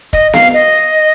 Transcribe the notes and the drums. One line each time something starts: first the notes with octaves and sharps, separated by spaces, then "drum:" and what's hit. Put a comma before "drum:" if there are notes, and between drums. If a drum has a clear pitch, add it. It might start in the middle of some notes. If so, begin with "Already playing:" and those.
D#5, drum: kick
F5, drum: snare B3
D#5